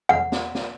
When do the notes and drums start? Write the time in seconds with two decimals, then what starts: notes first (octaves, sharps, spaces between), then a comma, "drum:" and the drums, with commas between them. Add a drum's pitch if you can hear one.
0.09 F#5, drum: tom E2
0.32 drum: snare
0.55 drum: snare